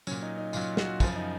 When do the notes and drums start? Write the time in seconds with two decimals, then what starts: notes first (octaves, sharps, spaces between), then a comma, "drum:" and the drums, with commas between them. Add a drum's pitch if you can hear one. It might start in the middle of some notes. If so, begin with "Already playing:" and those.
0.07 A#2 F#3 C#4, drum: tambourine
0.22 D#4
0.38 D#4
0.53 A#2 F#3 F4, drum: tambourine
0.77 F#4, drum: snare
1.00 F#2 C#3 F3 F4, drum: kick, tambourine
1.16 D#4